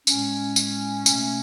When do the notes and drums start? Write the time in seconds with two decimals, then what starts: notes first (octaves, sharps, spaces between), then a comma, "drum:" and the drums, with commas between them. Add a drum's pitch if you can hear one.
0.07 A2 G#3 C#4, drum: tambourine
0.56 drum: tambourine
1.06 B2 A3, drum: tambourine